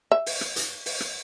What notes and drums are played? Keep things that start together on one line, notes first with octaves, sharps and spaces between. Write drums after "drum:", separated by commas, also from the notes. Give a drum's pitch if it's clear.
E5
drum: open hi-hat
drum: rim click
drum: hi-hat
drum: open hi-hat
drum: rim click